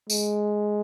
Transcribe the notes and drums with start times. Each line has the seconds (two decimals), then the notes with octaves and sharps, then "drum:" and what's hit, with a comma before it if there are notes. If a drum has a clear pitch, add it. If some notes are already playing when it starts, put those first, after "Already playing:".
0.10 G#3, drum: tambourine